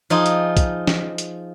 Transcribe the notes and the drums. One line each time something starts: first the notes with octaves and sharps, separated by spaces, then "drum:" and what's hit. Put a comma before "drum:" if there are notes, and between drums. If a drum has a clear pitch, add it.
F3 D#4 F4 G#4
drum: hi-hat
drum: kick B1, hi-hat
drum: snare
drum: hi-hat